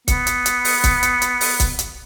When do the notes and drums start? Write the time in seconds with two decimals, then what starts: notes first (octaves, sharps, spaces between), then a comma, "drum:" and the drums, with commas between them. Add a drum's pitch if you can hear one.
0.08 B3 C#7, drum: kick, hi-hat
0.27 drum: hi-hat
0.46 drum: hi-hat
0.65 drum: open hi-hat
0.84 drum: kick, hi-hat
1.03 drum: hi-hat
1.22 drum: hi-hat
1.41 drum: open hi-hat
1.60 drum: kick, hi-hat
1.79 drum: hi-hat